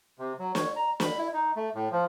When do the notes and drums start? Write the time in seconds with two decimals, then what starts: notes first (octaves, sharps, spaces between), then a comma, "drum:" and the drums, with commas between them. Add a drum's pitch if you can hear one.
0.19 C3
0.39 F#3
0.55 C#5, drum: snare
0.76 A#5
1.00 B5, drum: snare
1.18 E4
1.33 D#4
1.56 A3
1.75 A2
1.92 F3